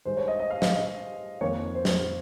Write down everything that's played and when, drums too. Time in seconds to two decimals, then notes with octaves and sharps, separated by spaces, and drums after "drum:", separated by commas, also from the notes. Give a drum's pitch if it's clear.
0.05 G2 D#3 G#3 C5
0.17 C#5
0.28 D#5
0.39 D#5
0.50 F5
0.62 D#5, drum: snare
0.73 D#5
1.41 F2 D#3 A#3 C#5
1.75 C5
1.85 drum: snare